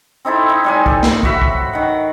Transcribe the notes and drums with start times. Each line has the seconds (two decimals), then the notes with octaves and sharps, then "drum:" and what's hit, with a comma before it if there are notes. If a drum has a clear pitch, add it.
0.25 C4 D#4 E4 A4
0.49 D#4
0.64 A2 G3 G#5
0.86 A4, drum: kick
1.03 drum: snare
1.23 F#4 E5 B5, drum: kick
1.42 drum: kick
1.73 D#3 F#5